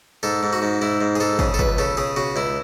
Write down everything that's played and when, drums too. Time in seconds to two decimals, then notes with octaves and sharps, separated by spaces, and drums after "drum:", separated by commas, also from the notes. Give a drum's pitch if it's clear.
0.23 G#2 A4
0.43 G#2
0.53 F#4
0.62 G#2
0.81 G#2 E4
1.01 G#2
1.15 G#4
1.20 G#2 A4
1.39 C#3 G#4, drum: kick
1.54 A4
1.59 C#2 B4, drum: kick
1.78 C#3 A4
1.97 C#3 G#4
2.16 C#3 F#4
2.36 C#2 E4